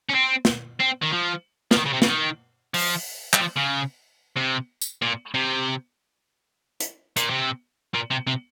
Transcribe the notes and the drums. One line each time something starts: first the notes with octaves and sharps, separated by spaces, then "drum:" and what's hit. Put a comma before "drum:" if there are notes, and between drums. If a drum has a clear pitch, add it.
C#4
C4
drum: snare
C4
D#3
F3
F3, drum: snare
D#3
C#3
C3
C#3, drum: snare
D#3
F3, drum: open hi-hat
G3, drum: clap
F3
C#3
C3
drum: tambourine
A#2
C3
drum: hi-hat
A#2, drum: hi-hat
C3
A#2
C3
C3